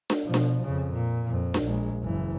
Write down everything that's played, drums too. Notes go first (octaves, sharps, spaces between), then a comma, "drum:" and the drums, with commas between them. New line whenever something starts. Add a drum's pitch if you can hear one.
drum: snare D4
B2 F3
drum: snare D4
F2 C#3
A#2
F2
drum: snare D4
A#1 G#3
F#1 E3